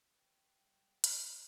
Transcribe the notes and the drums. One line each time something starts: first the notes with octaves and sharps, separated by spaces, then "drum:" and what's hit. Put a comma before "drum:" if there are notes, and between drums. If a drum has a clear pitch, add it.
B4 F#5 G5
G3 G#3 C#6
E4, drum: hi-hat